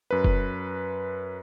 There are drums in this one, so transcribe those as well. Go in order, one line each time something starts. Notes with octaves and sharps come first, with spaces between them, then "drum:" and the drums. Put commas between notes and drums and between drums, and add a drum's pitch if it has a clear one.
F#2 B4
drum: kick F1